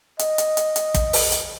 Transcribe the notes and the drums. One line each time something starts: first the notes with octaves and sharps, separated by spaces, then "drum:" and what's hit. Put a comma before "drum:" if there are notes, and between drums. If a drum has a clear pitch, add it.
D#5, drum: hi-hat
drum: hi-hat
drum: hi-hat
drum: hi-hat
drum: kick, hi-hat
drum: open hi-hat
drum: hi-hat